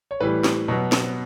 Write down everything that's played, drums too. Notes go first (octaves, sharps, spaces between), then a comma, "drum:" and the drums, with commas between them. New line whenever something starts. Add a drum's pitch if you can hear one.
C#5
A2 E3 G3 B4
drum: snare
B2 F#3 B3
drum: snare